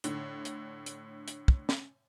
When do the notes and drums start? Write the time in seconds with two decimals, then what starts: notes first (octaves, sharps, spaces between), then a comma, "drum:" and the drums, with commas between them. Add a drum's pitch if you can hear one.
0.04 A2 D3, drum: hi-hat
0.45 drum: hi-hat
0.86 drum: hi-hat
1.28 drum: hi-hat
1.48 drum: kick
1.69 drum: snare